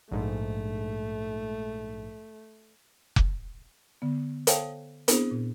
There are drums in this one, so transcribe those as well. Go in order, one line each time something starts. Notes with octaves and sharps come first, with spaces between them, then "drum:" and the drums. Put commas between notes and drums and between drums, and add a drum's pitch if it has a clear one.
A#1 G#2 A3
drum: kick F1
D3 B3
A4 C5 C#5 F5 G5 A5, drum: hi-hat
B3 C4 D4 E4 G#4 C5, drum: hi-hat
A#2